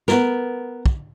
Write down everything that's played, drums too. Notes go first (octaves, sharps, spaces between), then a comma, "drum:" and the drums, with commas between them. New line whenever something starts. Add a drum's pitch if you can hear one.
B3 A#4, drum: snare
drum: kick